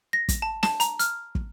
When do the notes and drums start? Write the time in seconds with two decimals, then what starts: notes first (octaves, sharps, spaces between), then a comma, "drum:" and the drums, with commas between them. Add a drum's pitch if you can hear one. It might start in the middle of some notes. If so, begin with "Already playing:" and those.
0.13 A#6
0.29 drum: kick, hi-hat
0.42 A5
0.63 A5, drum: snare
0.80 A#5, drum: hi-hat
0.99 F6, drum: hi-hat
1.35 drum: kick